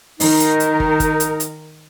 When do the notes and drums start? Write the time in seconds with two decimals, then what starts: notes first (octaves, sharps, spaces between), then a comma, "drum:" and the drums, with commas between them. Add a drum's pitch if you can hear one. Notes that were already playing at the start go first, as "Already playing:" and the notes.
0.20 D#3 D#4 A#4, drum: open hi-hat
0.40 drum: hi-hat
0.60 drum: hi-hat
0.80 drum: kick
1.00 drum: kick, hi-hat
1.20 drum: hi-hat
1.40 drum: hi-hat